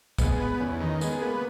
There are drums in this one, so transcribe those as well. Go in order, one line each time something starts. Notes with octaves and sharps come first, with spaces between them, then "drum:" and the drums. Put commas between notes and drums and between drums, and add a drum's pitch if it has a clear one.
G#3 B3, drum: kick, tambourine
B3
E2 C#4
D#3
G#3 B3, drum: tambourine
A#3 B3